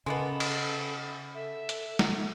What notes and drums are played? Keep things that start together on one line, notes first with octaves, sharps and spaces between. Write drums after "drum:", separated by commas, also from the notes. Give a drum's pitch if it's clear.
C#3 G#3 A#3 B3 A4 D#5
drum: cymbal
A4 E5
drum: hi-hat
drum: snare